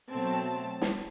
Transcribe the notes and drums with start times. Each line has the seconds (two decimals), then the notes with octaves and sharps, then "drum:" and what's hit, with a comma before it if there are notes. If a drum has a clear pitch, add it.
0.11 B2 F#3 A3 C4 A5
0.82 drum: snare